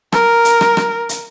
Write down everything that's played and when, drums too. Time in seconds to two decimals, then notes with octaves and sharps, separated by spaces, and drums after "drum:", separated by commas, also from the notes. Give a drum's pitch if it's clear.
0.12 A#4, drum: rim click
0.45 drum: hi-hat
0.61 drum: rim click
0.77 drum: rim click
1.09 drum: hi-hat